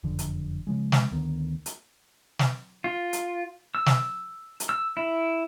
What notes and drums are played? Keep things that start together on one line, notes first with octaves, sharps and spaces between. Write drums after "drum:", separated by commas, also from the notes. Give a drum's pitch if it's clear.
F#1 F2 D3
drum: hi-hat
C#3 F3 G#3
drum: snare
D2 D3 D#3 B3
drum: hi-hat
drum: snare
F4
drum: hi-hat
E6
drum: snare
drum: hi-hat
E6
E4